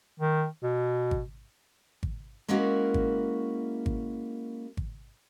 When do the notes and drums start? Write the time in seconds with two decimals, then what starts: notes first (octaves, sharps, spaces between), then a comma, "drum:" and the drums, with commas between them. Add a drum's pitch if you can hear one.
0.20 D#3
0.63 B2
1.11 drum: kick G#1
2.03 drum: kick G#1
2.48 G#3 A#3 C#4 E4 F#4 A#4
2.94 drum: kick G#1
3.86 drum: kick G#1
4.77 drum: kick G#1